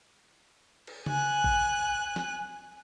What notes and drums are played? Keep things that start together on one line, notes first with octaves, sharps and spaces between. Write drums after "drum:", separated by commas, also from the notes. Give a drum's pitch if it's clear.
drum: cymbal
G#5 F#6, drum: tom C#3
drum: kick
drum: snare